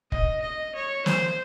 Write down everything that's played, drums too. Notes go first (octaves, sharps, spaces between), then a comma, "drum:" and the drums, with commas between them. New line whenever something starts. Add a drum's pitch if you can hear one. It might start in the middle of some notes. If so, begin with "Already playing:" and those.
D#5, drum: kick
D#5
C#5
C5, drum: snare